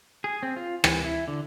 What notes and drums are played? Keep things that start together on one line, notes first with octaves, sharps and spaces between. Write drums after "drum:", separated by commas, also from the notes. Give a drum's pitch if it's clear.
G#4
C4
F4
E3, drum: rim click
E4
D3